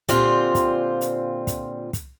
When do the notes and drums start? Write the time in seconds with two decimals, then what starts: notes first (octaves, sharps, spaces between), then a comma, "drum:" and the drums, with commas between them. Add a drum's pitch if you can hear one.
0.09 A#2 D3 G3 C4 F4 C5, drum: kick, hi-hat
0.55 drum: kick, hi-hat
1.01 drum: hi-hat
1.47 drum: kick, hi-hat
1.93 drum: kick, hi-hat